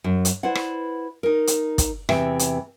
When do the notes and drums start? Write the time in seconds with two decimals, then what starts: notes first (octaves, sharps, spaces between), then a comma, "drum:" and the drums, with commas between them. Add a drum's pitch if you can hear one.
0.04 F#2
0.25 drum: hi-hat
0.43 E4 B4 C5 D5 F#5
0.55 drum: rim click
1.23 D#4 A#4
1.47 drum: hi-hat
1.78 drum: kick, hi-hat
2.09 E2 C3 E3 E5 G5, drum: rim click
2.39 drum: hi-hat